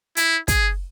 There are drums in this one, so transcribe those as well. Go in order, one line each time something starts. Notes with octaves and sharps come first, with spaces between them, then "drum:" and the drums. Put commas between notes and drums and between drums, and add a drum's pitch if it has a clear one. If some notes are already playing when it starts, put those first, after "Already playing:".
E4, drum: hi-hat
G#4, drum: kick, hi-hat